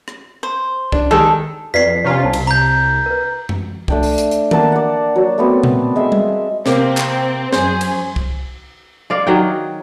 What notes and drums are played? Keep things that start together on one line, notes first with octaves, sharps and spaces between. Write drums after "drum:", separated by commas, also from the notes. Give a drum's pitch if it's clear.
drum: rim click
C5
D4, drum: kick C2
D#3 G3 G#3 A4
F2 B4 D5 B6 C7
C3 C#4 F4 C#5 A#5
C2 C5 A5
drum: cymbal
A#5 G6
A#4 B4
drum: tom F#2
A3 D4 G5, drum: kick C2
drum: open hi-hat
drum: hi-hat
drum: hi-hat
A#3 F#5 A5, drum: tom D#3
D5 F#5
F#3
A3 B3 C4
drum: tom A#2
G#3 E5 C6
drum: tom G3
C3 A#3 C4, drum: snare
drum: clap
F#2 G#4 C5, drum: snare
drum: cymbal
drum: kick C2
G#3 D5 F5
D#3 F#3 G#4 G5